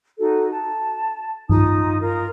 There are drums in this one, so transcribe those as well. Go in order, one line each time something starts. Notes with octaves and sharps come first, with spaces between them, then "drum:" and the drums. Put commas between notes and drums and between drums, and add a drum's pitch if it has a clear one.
D#4 F#4 A4
A5
D#4 F4 D#6, drum: tom G2
F4 A#4